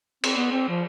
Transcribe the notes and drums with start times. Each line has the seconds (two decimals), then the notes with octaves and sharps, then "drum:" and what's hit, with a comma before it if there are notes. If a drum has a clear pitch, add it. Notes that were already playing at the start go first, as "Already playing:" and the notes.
0.24 C4, drum: cymbal
0.37 B3
0.52 C4
0.69 F3